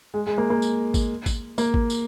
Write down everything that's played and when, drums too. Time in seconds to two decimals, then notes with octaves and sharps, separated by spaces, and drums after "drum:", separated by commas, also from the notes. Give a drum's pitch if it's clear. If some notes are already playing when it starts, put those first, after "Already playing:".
0.14 G#3
0.27 G#3
0.38 A#3
0.50 A#3
0.62 drum: tambourine
0.94 drum: kick, tambourine
1.26 drum: kick, tambourine
1.58 A#3, drum: tambourine
1.74 drum: kick
1.90 drum: tambourine